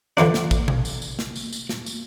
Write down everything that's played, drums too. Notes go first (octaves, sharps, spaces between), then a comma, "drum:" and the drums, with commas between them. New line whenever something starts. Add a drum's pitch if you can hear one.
D3 E3 F3 D4, drum: snare
drum: snare
drum: kick, tambourine
drum: tom B2
drum: tambourine
drum: tambourine
drum: snare
drum: tambourine
drum: tambourine
drum: snare
drum: tambourine